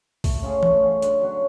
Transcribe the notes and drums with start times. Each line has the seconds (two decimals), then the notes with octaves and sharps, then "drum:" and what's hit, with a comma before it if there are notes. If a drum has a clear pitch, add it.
0.24 A3, drum: kick, open hi-hat
0.43 C#4 F4 G#4
0.63 A3, drum: tom E3
0.83 C#4 F4 G#4
1.02 D3, drum: hi-hat
1.21 F#3 C#4 F#4